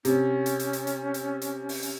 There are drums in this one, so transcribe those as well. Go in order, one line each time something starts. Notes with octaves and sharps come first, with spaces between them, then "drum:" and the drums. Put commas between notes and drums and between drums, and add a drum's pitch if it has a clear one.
C3 C#4, drum: hi-hat
drum: hi-hat
drum: hi-hat
drum: hi-hat
drum: hi-hat
drum: hi-hat
drum: hi-hat
drum: open hi-hat
drum: hi-hat